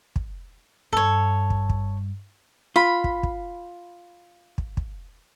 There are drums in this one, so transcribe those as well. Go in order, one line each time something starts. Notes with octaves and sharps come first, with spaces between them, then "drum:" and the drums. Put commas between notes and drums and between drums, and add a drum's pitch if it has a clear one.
drum: kick
G2 A4 C#5
drum: kick
drum: kick
F4 B5
drum: kick
drum: kick
drum: kick
drum: kick